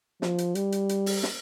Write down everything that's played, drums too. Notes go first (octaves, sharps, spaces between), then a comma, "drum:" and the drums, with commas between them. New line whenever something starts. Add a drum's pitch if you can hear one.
F3, drum: snare
drum: hi-hat
G3, drum: hi-hat
drum: hi-hat
drum: hi-hat
drum: open hi-hat
drum: snare